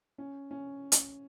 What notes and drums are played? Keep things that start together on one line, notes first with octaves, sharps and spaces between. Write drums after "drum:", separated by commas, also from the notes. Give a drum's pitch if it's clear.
C#4
C#4
drum: hi-hat